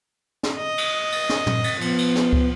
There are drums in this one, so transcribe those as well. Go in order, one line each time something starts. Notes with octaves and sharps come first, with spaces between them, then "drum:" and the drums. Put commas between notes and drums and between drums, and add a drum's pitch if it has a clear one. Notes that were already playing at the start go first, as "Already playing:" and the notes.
drum: snare
D#5
drum: cymbal
drum: cymbal
drum: snare
drum: tom
drum: cymbal
F3 B3, drum: cymbal
drum: cymbal
drum: snare
drum: kick